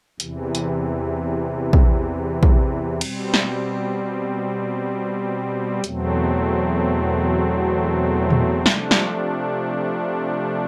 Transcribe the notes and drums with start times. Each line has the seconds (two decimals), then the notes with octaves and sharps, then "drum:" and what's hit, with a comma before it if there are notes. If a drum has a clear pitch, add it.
0.20 E2 C3 E3, drum: hi-hat
0.55 drum: hi-hat
1.73 drum: kick
2.43 drum: kick
3.01 B2 G3 C4, drum: cymbal
3.34 drum: snare
5.84 E2 B2 F#3 A3 C4, drum: hi-hat
8.30 drum: tom A2
8.66 C3 F3 A3 D4, drum: snare
8.91 drum: snare